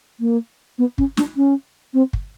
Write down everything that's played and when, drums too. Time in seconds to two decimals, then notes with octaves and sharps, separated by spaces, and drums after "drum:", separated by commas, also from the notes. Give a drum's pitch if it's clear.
0.20 A#3
0.79 B3
0.98 C#4, drum: kick
1.17 D4, drum: snare
1.37 C#4
1.94 C4
2.13 drum: kick